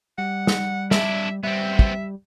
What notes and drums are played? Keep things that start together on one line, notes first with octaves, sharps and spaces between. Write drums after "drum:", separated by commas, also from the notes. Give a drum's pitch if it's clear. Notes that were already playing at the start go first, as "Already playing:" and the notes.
G3 F#5
drum: snare
D4 E4 E5, drum: snare
G3 B3 C4 E5
drum: kick